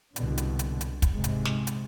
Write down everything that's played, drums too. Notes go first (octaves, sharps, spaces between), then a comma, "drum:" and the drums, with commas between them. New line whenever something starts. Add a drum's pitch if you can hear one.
C2 G#2 B2 D3, drum: hi-hat
drum: hi-hat
drum: hi-hat
drum: hi-hat
drum: kick, hi-hat
G#2 C3 G#3
drum: hi-hat
drum: snare
drum: hi-hat